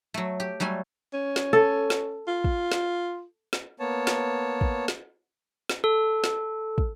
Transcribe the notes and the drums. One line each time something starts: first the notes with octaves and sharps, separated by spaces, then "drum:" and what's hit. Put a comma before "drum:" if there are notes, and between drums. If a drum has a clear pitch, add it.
F#3 A3
G4
F#3 G3 A3 G#5
C#4
drum: snare
A4
drum: snare
F4
drum: kick
drum: snare
drum: snare
A#3 B3 C#5 A5
drum: snare
drum: kick
drum: snare
drum: snare
A4
drum: snare
drum: kick